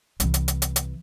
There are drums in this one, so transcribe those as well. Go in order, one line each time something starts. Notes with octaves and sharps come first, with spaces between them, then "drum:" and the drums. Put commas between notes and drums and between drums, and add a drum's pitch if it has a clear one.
C2 E3, drum: hi-hat
drum: hi-hat
drum: hi-hat
drum: hi-hat
drum: hi-hat